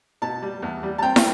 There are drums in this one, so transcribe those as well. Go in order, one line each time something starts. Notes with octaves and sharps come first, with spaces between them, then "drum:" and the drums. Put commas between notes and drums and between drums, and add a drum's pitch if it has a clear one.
B2 A5
G3
E2
G3
A5
C4 G5
drum: snare